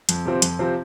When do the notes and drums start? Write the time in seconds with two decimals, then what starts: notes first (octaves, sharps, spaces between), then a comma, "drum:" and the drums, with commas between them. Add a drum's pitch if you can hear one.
0.09 F2, drum: hi-hat
0.25 C3 F3 C4
0.42 F2, drum: hi-hat
0.59 C3 F3 C4